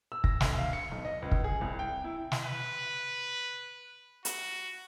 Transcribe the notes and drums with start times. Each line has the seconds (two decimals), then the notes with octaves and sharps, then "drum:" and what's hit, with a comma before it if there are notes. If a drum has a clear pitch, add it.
0.12 E6
0.24 A#6, drum: kick
0.41 D2, drum: snare
0.59 F5
0.73 C#7
0.92 B1
1.05 D#5
1.22 C#2
1.32 drum: kick
1.44 G#4
1.61 C2
1.79 G5
2.04 E4
2.32 drum: snare
2.43 B4
4.25 F#4, drum: hi-hat